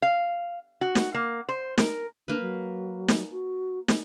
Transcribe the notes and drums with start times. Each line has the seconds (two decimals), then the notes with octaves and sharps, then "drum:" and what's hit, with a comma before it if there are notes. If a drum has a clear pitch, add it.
0.02 F5
0.81 F#4
0.95 drum: snare
1.14 A#3
1.49 C5
1.78 A#4, drum: snare
2.28 A#3 D4 B4
2.41 F#3
3.08 drum: snare
3.31 F#4
3.88 drum: snare